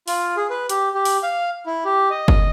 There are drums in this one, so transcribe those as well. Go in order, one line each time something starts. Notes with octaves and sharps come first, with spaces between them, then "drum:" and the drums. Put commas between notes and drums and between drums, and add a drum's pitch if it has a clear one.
F4, drum: open hi-hat
G#4
B4
G4, drum: hi-hat
G4
drum: open hi-hat
F5
E4
G4
D#5
drum: kick